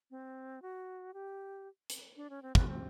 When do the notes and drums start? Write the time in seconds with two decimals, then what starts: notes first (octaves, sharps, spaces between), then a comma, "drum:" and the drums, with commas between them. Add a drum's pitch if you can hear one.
0.11 C4
0.62 F#4
1.14 G4
1.90 drum: hi-hat
2.16 D4
2.30 C#4
2.42 C4
2.55 B3, drum: kick
2.68 C4